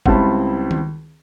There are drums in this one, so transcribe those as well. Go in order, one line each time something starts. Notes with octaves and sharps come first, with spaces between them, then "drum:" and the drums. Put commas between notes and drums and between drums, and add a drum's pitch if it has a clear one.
C#2 G3 C4 E4 A5 B5, drum: kick
drum: tom D#3